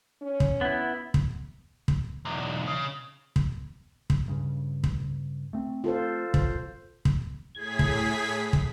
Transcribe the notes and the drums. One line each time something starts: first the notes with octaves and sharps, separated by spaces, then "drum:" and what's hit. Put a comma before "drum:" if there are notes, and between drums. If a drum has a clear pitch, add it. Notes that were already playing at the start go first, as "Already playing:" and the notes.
C#4
drum: kick
B3 E4
drum: kick
drum: kick
B1 E2
C#3
drum: kick
drum: kick
G2 C#3
drum: kick
A3 C4
F4 A4 C5
F#1 B1 C5, drum: kick
drum: kick
A2 G#4 G#6 B6
drum: kick
drum: kick